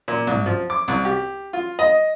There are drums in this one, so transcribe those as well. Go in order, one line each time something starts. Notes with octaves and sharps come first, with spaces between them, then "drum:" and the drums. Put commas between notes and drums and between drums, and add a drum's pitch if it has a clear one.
A#2
C2, drum: tom
F3
D6
C2
G4
F4
D#5